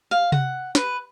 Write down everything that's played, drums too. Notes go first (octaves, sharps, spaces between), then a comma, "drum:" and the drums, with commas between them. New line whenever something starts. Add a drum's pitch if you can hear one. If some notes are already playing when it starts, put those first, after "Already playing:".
F5
F#5, drum: tom C3
B4, drum: snare